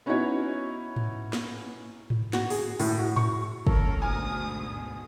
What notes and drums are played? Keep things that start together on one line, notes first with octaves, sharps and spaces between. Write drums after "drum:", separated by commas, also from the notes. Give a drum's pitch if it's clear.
B3 C#4 D#4 E4 F#4 C#5
drum: tom G#2
drum: snare
drum: tom G#2
F#4, drum: snare
G#4, drum: open hi-hat
A2, drum: open hi-hat
F#4
C#6, drum: tom G#2
D#3 A#3 C#4 A4 A#4, drum: kick
D2 G#2 B2 D3 G#5 D#6 F6